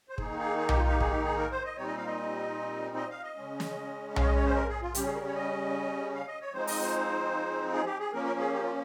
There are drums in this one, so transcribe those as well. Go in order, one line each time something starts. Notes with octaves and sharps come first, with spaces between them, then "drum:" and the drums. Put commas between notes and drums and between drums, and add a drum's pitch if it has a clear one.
C5
D#3 A#3 D#4 G#4, drum: kick
G#4
G#4
G4, drum: tom B1
F4
G4
G#4, drum: kick
G4
G#4
A#4
C5
D#5
A#2 G3 C4 D#4 C#5
D#5
F5
D#5
D#5
F5
D#5
C#3 G#3 C#4
drum: snare
F5, drum: tom B1
C#5
D#5
C#5
C5
A#4
G#4
F4
C#3 G3 C#4 G4, drum: hi-hat
G#4
A#4
C#5
D#5
F5
D#5
C#5
F3 G#3 C4 D#4 C5
D#5, drum: open hi-hat
C5
G#4
G4
G#4
F3 A#3 C#4 A#4
A#4
G#4
G4
F4